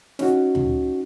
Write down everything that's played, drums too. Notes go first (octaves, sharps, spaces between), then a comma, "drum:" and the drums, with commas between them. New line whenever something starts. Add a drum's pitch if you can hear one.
C#4 D#4 F#4, drum: snare
drum: tom D2